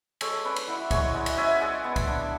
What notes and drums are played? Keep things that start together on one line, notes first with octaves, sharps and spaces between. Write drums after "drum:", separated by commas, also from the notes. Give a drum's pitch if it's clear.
G#3 A4 C#5, drum: cymbal
C#4 B4 D5
drum: cymbal
E4 D5 F#5
G#3 C#5 E5, drum: kick C2, cymbal
G#3 D5 F#5
drum: cymbal
C#4 E5 G#5
G#3 D5 F#5 G#5
B3
drum: kick C2, cymbal
D4